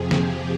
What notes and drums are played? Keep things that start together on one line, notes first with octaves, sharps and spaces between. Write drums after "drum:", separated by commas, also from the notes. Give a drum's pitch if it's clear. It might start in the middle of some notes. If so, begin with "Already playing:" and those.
Already playing: F2 C3 F3 G4 G#4
drum: snare